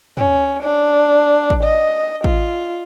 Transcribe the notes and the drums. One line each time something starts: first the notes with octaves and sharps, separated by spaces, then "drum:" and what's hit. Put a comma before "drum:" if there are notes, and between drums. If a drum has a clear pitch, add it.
C#4, drum: tom
D4
drum: kick A1
D#5
F4, drum: kick A1